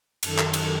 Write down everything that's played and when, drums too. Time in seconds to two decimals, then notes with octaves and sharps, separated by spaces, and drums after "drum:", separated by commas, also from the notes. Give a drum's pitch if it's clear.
0.23 F#2 D#3 A4 A5, drum: cymbal
0.38 drum: clap
0.53 drum: cymbal